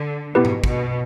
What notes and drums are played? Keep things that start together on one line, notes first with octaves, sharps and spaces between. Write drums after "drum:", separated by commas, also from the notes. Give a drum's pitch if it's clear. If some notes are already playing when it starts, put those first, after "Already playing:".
Already playing: D3
B2 B3 E4 G4 B4
drum: tom G#2
B2, drum: kick